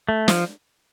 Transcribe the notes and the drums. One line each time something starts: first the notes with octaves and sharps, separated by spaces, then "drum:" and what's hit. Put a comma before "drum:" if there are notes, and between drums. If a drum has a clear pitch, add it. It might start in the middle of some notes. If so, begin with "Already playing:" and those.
A3
F3, drum: snare